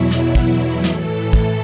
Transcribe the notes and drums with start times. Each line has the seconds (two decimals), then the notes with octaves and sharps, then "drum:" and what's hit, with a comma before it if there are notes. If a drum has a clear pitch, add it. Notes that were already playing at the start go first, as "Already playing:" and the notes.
Already playing: E2 B2 F#3 E4
0.11 drum: snare
0.35 drum: kick
0.84 A2 E3 A4, drum: snare
1.33 drum: kick